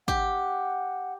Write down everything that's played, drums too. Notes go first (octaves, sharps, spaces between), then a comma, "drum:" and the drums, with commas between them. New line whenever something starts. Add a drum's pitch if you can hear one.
G4 F#5, drum: kick